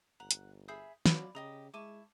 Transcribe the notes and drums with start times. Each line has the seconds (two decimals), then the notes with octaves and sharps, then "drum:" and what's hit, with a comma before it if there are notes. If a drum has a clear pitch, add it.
0.20 G1 F#5 A#5
0.31 drum: hi-hat
0.68 G#4 E5 B5 D#6 G6 C7
1.06 F#3 F4 D5 B5, drum: snare
1.35 C#3 G4 D#5 A#5 D#6
1.74 G#3 E4 A5 C#6 D6 D#7